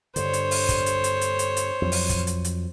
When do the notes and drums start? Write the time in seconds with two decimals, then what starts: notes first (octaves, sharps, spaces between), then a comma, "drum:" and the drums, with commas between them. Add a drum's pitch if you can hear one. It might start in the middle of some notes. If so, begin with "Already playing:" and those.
0.16 G2 D3 C5 C#5, drum: hi-hat
0.33 drum: hi-hat
0.51 drum: open hi-hat
0.69 drum: kick, hi-hat
0.86 drum: hi-hat
1.04 drum: hi-hat
1.21 drum: hi-hat
1.39 drum: hi-hat
1.57 drum: hi-hat
1.82 F2 F#3
1.92 drum: open hi-hat
2.09 drum: kick, hi-hat
2.27 drum: hi-hat
2.45 drum: hi-hat